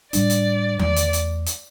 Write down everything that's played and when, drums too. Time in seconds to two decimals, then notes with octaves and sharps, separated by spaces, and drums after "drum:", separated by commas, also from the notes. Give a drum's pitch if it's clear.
0.13 A2 G3 D4 D5, drum: hi-hat
0.30 drum: hi-hat
0.79 E2 E3 A3 D5, drum: tom D#3
0.96 drum: hi-hat
1.13 drum: hi-hat
1.46 drum: hi-hat